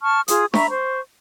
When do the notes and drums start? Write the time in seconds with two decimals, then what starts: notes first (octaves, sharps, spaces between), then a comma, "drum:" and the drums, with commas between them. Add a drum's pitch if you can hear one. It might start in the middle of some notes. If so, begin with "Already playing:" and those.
0.02 A5 C#6 F6
0.28 F4 G#4 D#6, drum: hi-hat
0.54 E5 A#5 B5 C#6, drum: snare D4
0.68 C5 C#6